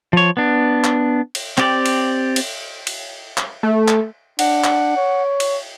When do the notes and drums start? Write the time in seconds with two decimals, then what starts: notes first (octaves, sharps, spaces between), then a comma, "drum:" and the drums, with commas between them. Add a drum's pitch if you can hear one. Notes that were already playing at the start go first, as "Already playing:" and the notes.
0.13 F3 C#5
0.37 B3 D4
0.84 drum: clap
1.35 drum: cymbal
1.58 C4 G4 D5, drum: clap
1.86 drum: cymbal
2.36 drum: cymbal
2.87 drum: cymbal
3.38 drum: clap
3.63 A3
3.88 drum: clap
4.39 D4 F#5, drum: cymbal
4.64 drum: clap
4.97 C#5
5.40 drum: cymbal